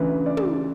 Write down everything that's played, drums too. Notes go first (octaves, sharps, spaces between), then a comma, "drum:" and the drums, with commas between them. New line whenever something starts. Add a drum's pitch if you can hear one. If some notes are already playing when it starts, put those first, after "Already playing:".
Already playing: D2 C#3 E3 B4
D5
drum: tom